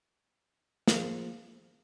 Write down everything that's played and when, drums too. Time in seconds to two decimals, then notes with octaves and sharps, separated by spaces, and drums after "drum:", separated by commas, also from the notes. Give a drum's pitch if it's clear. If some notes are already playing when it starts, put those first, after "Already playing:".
0.88 F3 A#3 F4 G#4, drum: snare